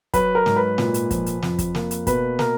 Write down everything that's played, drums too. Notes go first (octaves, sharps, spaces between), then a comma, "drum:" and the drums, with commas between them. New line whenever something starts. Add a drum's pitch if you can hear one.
F#3 B4, drum: kick, hi-hat
A#4
G#2, drum: snare
B4
A#2, drum: snare
drum: hi-hat
F3, drum: kick, hi-hat
drum: hi-hat
F2, drum: snare
drum: kick, hi-hat
A#3, drum: snare
drum: hi-hat
B2 B4, drum: kick, hi-hat
A#3 A#4, drum: snare